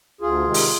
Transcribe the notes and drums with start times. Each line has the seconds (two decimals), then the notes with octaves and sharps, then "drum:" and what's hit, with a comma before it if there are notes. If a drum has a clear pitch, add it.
0.21 D2 F4 G#4
0.43 C3 D#3 G#3
0.54 drum: open hi-hat